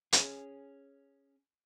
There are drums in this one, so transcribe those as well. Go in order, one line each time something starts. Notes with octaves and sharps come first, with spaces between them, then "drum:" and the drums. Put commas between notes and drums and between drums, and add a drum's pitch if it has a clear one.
C#4 G#4, drum: hi-hat